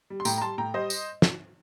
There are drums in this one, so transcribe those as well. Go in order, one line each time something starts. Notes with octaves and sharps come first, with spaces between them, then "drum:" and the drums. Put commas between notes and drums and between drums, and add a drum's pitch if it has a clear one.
G3
C6
A2 G5 A#5, drum: tambourine
A#5
G3 A5 C6
A2 G5 A#5
G3 C5 D#5
drum: tambourine
drum: snare